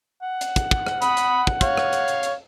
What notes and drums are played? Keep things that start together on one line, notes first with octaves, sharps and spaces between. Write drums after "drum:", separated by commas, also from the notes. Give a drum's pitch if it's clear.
F#5
drum: hi-hat
drum: kick, hi-hat
drum: kick
drum: rim click
B5 D#6, drum: hi-hat
drum: hi-hat
drum: kick
C#5 F5, drum: kick, hi-hat
drum: rim click
drum: hi-hat
drum: hi-hat
drum: hi-hat